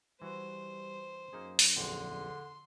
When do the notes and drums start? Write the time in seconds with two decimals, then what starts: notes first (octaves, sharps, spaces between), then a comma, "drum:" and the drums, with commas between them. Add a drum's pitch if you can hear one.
0.22 E3 G3 F#4 C5
1.33 F#2 A#3 D#4 G#4
1.59 drum: open hi-hat
1.76 A#1 E2 D3 G5 C6